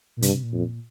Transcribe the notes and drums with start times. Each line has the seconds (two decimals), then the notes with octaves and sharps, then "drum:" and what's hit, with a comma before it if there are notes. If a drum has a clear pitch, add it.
0.17 A#2
0.22 G2 C3, drum: hi-hat
0.33 C3
0.43 A#2
0.53 F2